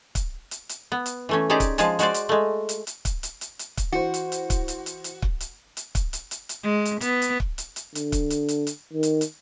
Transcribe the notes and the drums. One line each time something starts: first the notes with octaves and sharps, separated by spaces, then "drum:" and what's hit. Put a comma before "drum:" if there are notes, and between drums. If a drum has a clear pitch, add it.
drum: kick, hi-hat
drum: hi-hat
drum: hi-hat
B3
drum: hi-hat
E3 A3 C#4
C#4 D#4 G4 G#4 C5 D5
drum: kick, hi-hat
F3 G#3 G#4 A5, drum: hi-hat
G#3 F#4 C5 D5, drum: hi-hat
drum: hi-hat
G#3 A3
drum: hi-hat
drum: hi-hat
drum: kick, hi-hat
drum: hi-hat
drum: hi-hat
drum: hi-hat
drum: kick, hi-hat
E3 F#4 C5
drum: hi-hat
drum: hi-hat
drum: kick, hi-hat
drum: hi-hat
drum: hi-hat
drum: hi-hat
drum: kick
drum: hi-hat
drum: hi-hat
drum: kick, hi-hat
drum: hi-hat
drum: hi-hat
drum: hi-hat
G#3
drum: hi-hat
B3, drum: hi-hat
drum: hi-hat
drum: kick
drum: hi-hat
drum: hi-hat
D3, drum: hi-hat
drum: kick, hi-hat
drum: hi-hat
drum: hi-hat
drum: hi-hat
D#3
drum: hi-hat
drum: hi-hat